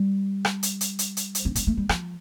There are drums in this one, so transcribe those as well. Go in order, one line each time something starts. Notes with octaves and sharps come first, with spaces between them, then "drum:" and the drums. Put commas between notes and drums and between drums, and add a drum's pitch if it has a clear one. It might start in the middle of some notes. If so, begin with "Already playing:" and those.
Already playing: G3
drum: rim click
drum: hi-hat
drum: hi-hat
drum: hi-hat
drum: hi-hat
drum: hi-hat
C4
B3, drum: kick, hi-hat
A3
G3
F3, drum: rim click